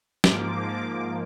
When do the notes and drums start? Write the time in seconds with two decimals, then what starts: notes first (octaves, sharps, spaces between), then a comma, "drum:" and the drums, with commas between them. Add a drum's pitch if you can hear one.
0.24 G#2 F3 A#3 D6, drum: snare